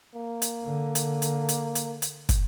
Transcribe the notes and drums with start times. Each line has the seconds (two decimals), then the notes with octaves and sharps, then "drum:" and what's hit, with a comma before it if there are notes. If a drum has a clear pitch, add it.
0.15 A#3
0.42 drum: hi-hat
0.64 D3
0.95 drum: hi-hat
1.22 drum: hi-hat
1.49 drum: hi-hat
1.75 drum: hi-hat
2.02 drum: hi-hat
2.29 drum: kick, hi-hat